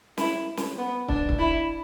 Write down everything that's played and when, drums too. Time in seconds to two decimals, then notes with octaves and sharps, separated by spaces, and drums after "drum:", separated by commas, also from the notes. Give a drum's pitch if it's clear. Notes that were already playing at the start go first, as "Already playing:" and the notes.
0.18 E4, drum: snare
0.57 drum: snare
0.78 B3
1.08 D4, drum: kick
1.29 drum: kick
1.39 E4